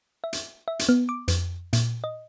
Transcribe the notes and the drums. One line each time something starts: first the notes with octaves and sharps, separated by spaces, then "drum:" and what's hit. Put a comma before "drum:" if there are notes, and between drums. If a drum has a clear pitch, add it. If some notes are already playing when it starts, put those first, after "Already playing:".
E5
drum: hi-hat
E5
drum: hi-hat
B3
D6
F2, drum: hi-hat
A#2, drum: hi-hat
D#5